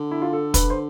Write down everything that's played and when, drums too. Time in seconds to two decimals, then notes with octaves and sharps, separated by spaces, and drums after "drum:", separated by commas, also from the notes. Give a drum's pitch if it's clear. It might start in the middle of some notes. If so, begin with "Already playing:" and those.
Already playing: D3
0.11 E4
0.22 F4
0.33 A4
0.54 B4, drum: kick, hi-hat
0.70 C5